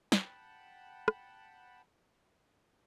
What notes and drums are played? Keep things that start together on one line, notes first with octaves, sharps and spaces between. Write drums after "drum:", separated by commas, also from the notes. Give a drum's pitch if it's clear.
F#5 G5 A5 B5, drum: snare
drum: rim click